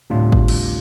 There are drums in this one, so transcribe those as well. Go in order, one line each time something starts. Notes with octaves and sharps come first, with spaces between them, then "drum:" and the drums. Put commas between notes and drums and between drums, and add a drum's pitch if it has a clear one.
D2 A2 C3 G3 D4 F4
drum: kick G#1
drum: cymbal